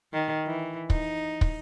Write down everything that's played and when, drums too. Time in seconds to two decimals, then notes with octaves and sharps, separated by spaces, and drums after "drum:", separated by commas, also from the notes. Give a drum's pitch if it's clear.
0.13 D#3
0.46 E3
0.90 D#4, drum: kick
1.41 drum: kick